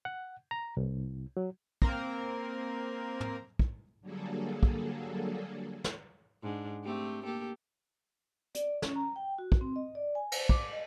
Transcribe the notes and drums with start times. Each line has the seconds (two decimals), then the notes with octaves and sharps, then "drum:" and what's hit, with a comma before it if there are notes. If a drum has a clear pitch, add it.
0.05 F#5
0.51 A#5
0.77 C2
1.37 F#3
1.82 A#3 C4 A#4, drum: kick
3.21 drum: tom
3.59 drum: kick
4.01 D3 F#3 G3 A#3 G#4 A4
4.63 drum: kick
5.84 drum: snare
6.43 G#2 D4
6.85 A3 C4 G4
7.24 A#3 G4 A4
8.55 D5, drum: hi-hat
8.82 C#4, drum: snare
8.96 A#5
9.16 G5
9.38 F#4
9.52 drum: kick
9.61 C4
9.76 D#5
9.95 D5
10.15 G#5
10.32 C5, drum: cymbal
10.49 D6, drum: kick
10.73 D#5